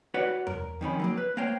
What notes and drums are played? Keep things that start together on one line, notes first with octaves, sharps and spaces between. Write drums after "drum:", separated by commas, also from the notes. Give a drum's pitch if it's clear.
F#4 B4 C#5 D5 F#5
A#4, drum: tom E2
F2 D#3 C#4 B5
F#3 A3 A#3
B4
A#3 C5 C#5 G5